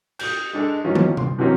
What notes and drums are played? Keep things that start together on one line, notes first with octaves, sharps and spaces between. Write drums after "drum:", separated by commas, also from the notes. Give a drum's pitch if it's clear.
D#6 G6, drum: cymbal
G#3 D4 A4
D#3 E3 F#3 C#4 F4
drum: tom
C6, drum: tom C3
C3 E3 F#3 A#3 C4 C#4